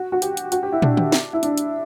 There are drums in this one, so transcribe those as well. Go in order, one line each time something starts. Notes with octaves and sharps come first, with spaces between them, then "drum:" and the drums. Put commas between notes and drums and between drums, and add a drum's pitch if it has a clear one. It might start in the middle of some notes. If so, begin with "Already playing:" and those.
Already playing: F#4
F#4
G4, drum: hi-hat
drum: hi-hat
F#4, drum: hi-hat
G4
E4
D4, drum: tom
drum: tom D3
drum: snare
E4
D4, drum: hi-hat
drum: hi-hat